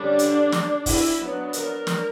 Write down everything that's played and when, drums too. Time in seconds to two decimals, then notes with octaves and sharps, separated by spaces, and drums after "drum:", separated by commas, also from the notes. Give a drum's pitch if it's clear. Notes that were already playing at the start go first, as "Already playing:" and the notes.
Already playing: D3 G3 C#4 D4
0.19 drum: hi-hat
0.52 drum: snare
0.86 E4, drum: kick, open hi-hat
1.19 F#3 B3 D4
1.53 A#4, drum: hi-hat
1.87 drum: snare